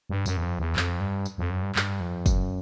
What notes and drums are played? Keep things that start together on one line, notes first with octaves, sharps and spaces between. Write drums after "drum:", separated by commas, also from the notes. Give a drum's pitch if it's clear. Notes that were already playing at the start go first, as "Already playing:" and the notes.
G2
F#2, drum: tambourine
E2
F2
E2
F2, drum: clap
G2
drum: tambourine
F2
F#2
G2
G2, drum: clap
F2
F#2, drum: kick, tambourine